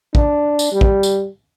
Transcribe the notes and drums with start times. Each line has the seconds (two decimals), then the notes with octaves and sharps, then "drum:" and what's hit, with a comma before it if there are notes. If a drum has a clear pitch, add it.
0.15 D4, drum: kick
0.59 drum: tambourine
0.72 G3
0.81 drum: kick
1.03 drum: tambourine